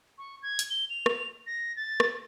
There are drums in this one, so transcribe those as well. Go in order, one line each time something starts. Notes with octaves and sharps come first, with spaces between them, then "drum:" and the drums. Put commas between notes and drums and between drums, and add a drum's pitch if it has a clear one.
C#6
G#6
drum: hi-hat
G7
F7
drum: rim click
A#6
A6
drum: rim click